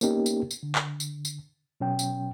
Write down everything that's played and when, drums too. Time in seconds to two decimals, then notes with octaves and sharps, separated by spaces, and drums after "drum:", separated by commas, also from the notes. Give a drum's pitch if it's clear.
0.01 A#3 B3 C#4 D#4 G4, drum: tambourine
0.26 drum: tambourine
0.51 drum: tambourine
0.63 D3
0.75 drum: clap
1.00 drum: tambourine
1.25 drum: tambourine
1.80 B2 F#3 C#4 G5
1.99 drum: tambourine